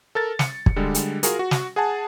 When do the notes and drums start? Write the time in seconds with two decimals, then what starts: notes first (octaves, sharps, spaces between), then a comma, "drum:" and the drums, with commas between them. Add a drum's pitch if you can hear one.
0.15 A4 A#4 A6
0.39 C#7, drum: snare
0.66 drum: kick
0.76 D3 G3 G#3
0.95 drum: hi-hat
1.23 F4 F#4 G#4 A#4, drum: hi-hat
1.39 F#4
1.51 drum: snare
1.76 G#4 F#5 G#5 A5